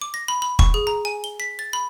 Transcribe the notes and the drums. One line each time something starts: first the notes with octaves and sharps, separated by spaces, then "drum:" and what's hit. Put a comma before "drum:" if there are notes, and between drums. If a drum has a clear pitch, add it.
D6
A#6
B5
B5
C#6, drum: kick
G#4
A#5
G#5
G7
B6
A6
B5